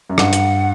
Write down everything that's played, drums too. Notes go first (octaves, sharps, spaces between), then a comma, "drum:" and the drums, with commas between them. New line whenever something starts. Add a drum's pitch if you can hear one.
F#2
G2 F#5, drum: rim click
drum: hi-hat